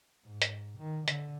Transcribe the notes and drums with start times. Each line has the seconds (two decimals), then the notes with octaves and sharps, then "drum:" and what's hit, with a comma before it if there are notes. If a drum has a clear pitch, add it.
0.25 G#2
0.42 drum: hi-hat
0.78 D#3
1.08 D3, drum: hi-hat